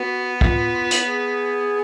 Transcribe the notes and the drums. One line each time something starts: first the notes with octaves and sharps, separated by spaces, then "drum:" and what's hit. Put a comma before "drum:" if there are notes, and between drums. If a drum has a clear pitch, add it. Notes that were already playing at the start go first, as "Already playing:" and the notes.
Already playing: B3 F#4
F4, drum: kick
drum: hi-hat
G#4